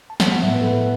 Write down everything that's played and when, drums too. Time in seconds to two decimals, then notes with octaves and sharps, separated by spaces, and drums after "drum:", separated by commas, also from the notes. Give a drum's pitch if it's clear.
0.10 A5
0.20 B3 F#5, drum: snare
0.32 F#5
0.43 A2 E5
0.55 B4
0.61 A4
0.66 A2 B4